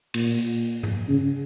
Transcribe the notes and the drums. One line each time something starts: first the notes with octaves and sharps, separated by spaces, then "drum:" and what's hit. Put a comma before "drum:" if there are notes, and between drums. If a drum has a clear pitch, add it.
A#2, drum: cymbal
drum: tom G#2
C#3